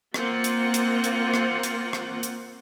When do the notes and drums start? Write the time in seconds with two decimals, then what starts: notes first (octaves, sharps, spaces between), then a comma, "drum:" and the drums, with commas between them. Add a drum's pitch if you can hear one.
0.14 A#3 C4 F4 F#5, drum: rim click
0.44 drum: hi-hat
0.74 drum: hi-hat
1.04 drum: hi-hat
1.34 drum: rim click
1.63 drum: hi-hat
1.93 drum: rim click
2.23 drum: hi-hat